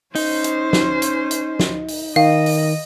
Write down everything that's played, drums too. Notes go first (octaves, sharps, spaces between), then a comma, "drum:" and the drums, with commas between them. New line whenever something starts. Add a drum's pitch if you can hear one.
C#4 D#4 C5, drum: open hi-hat
drum: hi-hat
drum: snare
drum: hi-hat
drum: hi-hat
drum: snare
drum: open hi-hat
D#3 D#5 F5
drum: open hi-hat